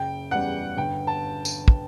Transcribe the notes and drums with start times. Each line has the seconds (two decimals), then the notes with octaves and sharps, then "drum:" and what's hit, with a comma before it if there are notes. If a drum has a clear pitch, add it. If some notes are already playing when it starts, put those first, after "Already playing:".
Already playing: F#1 G5
0.31 E2 C#3 G3 F#5
0.77 G1 G5
1.07 A5
1.45 drum: tambourine
1.68 drum: kick